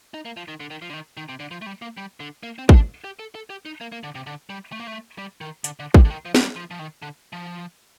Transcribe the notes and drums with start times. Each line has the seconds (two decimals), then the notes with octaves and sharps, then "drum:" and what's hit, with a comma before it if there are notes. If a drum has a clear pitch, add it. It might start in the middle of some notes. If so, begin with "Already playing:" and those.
0.14 D#4
0.25 A#3
0.37 F3
0.48 D#3
0.60 D3
0.71 D#3
0.82 F3
0.90 D3
0.94 D#3
1.17 D#3
1.29 C3
1.40 D3
1.51 F3
1.62 A3
1.66 G3
1.82 A#3
1.97 G3
2.20 D3
2.43 A#3
2.59 C4
2.69 C4, drum: kick
2.74 D4
3.04 G4
3.19 A4
3.35 A4
3.50 G4
3.65 D#4
3.81 A#3
3.92 A#3
4.04 D3
4.15 C3
4.27 D3
4.50 G3
4.72 A3
4.80 A#3
4.87 A3
5.18 G3
5.41 D#3
5.64 D3, drum: hi-hat
5.80 D3
5.94 C3, drum: kick
6.05 D3
6.10 D#3
6.25 F3
6.35 A3, drum: snare
6.41 G3
6.56 F3
6.71 F3
6.79 D#3
7.02 D3
7.33 F3